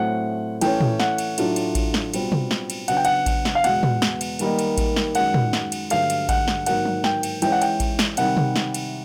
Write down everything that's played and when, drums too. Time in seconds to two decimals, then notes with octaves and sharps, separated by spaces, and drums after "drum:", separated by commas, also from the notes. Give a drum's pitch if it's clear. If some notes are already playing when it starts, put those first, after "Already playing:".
Already playing: A2 F#3 A3 C4 F#5
0.61 E3 A3 C#4 G5, drum: cymbal
0.81 drum: tom
1.00 F#5, drum: snare
1.18 drum: cymbal
1.38 A2 F#3 A3 D4 F4, drum: cymbal
1.56 drum: cymbal
1.75 drum: kick A1, cymbal
1.94 drum: snare
2.14 B2 G3 C4 F4, drum: cymbal
2.32 drum: tom
2.51 drum: snare
2.70 drum: cymbal
2.88 C#3 F#3 B3 D4 F#5, drum: cymbal
2.97 G5
3.05 F#5, drum: cymbal
3.26 drum: kick A1, cymbal
3.45 drum: snare
3.55 F5
3.64 E2 B2 G#3 F#5, drum: cymbal
3.83 drum: tom
4.02 drum: snare
4.21 drum: cymbal
4.39 D#3 G3 A#3 D#4, drum: cymbal
4.59 drum: cymbal
4.78 drum: kick A1, cymbal
4.96 drum: snare
5.15 F#2 D#3 G#3 F#5, drum: cymbal
5.34 drum: tom
5.53 drum: snare
5.72 drum: cymbal
5.90 G2 D3 F#3 A3 F5, drum: cymbal
6.10 drum: cymbal
6.29 F#5, drum: kick A1, cymbal
6.48 drum: snare
6.66 G#2 D#3 F#3 A#3 F#5, drum: cymbal
6.85 drum: tom F3
7.04 G5, drum: snare
7.23 drum: cymbal
7.42 E3 G#3 C#4 G5, drum: cymbal
7.52 F#5
7.62 G5, drum: cymbal
7.80 drum: kick A1, cymbal
7.99 drum: snare
8.17 C3 D#3 G3 F#5, drum: cymbal
8.37 drum: tom
8.56 drum: snare
8.74 drum: cymbal